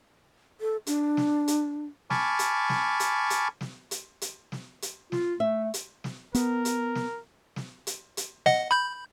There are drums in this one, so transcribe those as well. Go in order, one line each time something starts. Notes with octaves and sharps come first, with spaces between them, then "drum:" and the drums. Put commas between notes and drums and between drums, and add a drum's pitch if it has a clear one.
A4
D4, drum: hi-hat
drum: snare
drum: hi-hat
G#5 A5 B5 C#6 D6 F6, drum: snare
drum: hi-hat
drum: snare
drum: hi-hat
drum: hi-hat
drum: snare
drum: hi-hat
drum: hi-hat
drum: snare
drum: hi-hat
F4, drum: snare
A3 E5
drum: hi-hat
drum: snare
B3 A#4, drum: hi-hat
drum: hi-hat
drum: snare
drum: snare
drum: hi-hat
drum: hi-hat
D#5 F#5, drum: snare
B5 G6